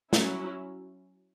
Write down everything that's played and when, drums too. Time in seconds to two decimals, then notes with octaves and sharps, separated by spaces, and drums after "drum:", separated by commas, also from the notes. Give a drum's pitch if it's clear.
0.13 F#3 C#4 E4, drum: snare